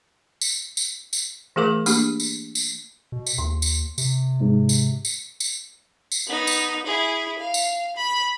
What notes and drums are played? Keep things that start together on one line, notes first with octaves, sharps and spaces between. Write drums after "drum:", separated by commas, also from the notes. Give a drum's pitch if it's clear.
drum: tambourine
drum: tambourine
drum: tambourine
E3 A3 G#4 A#4 D6
A#3 D4 G4, drum: tambourine
drum: tambourine
drum: tambourine
B2
drum: tambourine
D#2 C6
drum: tambourine
C3, drum: tambourine
G#2
drum: tambourine
drum: tambourine
drum: tambourine
drum: tambourine
B3 D#4
drum: tambourine
E4 G#4
F5
drum: tambourine
B5